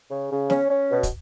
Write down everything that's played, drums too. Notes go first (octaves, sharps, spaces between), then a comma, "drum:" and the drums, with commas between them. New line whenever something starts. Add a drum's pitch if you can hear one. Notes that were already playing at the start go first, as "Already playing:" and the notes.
C#3
C#3
C#4, drum: snare
C#4
B2
drum: kick, hi-hat